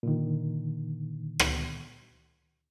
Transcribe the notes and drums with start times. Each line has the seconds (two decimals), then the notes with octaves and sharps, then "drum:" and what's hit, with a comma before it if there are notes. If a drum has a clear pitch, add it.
0.03 A#2 D3 D#3
1.39 drum: rim click